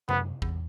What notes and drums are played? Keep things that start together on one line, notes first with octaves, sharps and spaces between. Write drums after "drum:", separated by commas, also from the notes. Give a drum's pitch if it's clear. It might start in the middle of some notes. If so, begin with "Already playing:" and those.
F#2 B3, drum: tom C3
E2, drum: kick